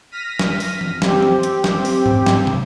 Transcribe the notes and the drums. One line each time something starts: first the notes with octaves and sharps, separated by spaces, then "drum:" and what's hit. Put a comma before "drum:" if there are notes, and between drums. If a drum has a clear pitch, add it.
F6 A#6 B6 D#7
drum: snare
drum: open hi-hat
drum: tom E3
C4 G4, drum: snare
drum: tom E3
drum: hi-hat
drum: snare
drum: open hi-hat
drum: tom G#2
drum: snare
drum: tom